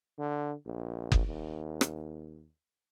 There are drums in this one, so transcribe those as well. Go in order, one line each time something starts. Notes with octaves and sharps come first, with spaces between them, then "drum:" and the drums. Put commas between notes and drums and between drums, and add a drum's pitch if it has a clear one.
D3
A#1
drum: kick F#1
D#2
drum: rim click